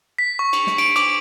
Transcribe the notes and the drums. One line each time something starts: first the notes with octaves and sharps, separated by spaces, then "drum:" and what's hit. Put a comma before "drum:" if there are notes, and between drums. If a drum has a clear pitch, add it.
B6
C#6
drum: cymbal
drum: snare
D7, drum: cymbal
D6, drum: cymbal